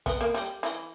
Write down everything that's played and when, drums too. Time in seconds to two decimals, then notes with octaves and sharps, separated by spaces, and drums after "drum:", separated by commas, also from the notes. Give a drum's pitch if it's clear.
0.06 B3, drum: kick, hi-hat
0.21 A#3
0.34 G3, drum: hi-hat
0.63 E3, drum: hi-hat